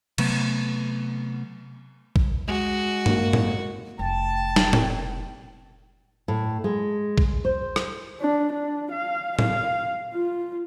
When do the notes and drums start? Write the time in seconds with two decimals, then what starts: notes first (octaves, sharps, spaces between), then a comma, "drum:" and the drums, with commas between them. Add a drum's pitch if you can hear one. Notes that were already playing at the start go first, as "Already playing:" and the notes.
0.18 C3 F#3 A3 B3, drum: cymbal
2.16 drum: kick
2.48 G#3 F#4
3.06 A#3, drum: tom G2
3.33 drum: tom
3.99 F1 G5 A5
4.56 drum: snare
4.73 drum: tom
6.28 A2
6.64 G#3
7.18 drum: kick
7.45 C5
7.76 drum: rim click
8.22 D4
8.53 D4
8.92 F5
9.39 F5, drum: tom
10.14 F4